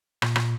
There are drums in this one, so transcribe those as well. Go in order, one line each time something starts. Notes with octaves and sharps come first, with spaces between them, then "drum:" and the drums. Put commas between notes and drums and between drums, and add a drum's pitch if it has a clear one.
A#2, drum: rim click
drum: rim click